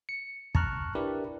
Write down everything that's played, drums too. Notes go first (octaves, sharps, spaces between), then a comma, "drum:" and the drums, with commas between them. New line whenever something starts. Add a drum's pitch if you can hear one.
C#7
A5 A#5 C#6 F6 F#6, drum: kick
D4 E4 G4 A#4 B4 D5